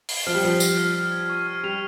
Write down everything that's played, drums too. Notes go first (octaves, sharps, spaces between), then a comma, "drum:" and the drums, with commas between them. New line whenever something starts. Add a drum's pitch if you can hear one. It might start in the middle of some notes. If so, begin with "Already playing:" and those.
C7, drum: open hi-hat
F3 F6
G3
F3 C7
C7, drum: tambourine
F6
F6
G#6
C#6
F6
G3 F7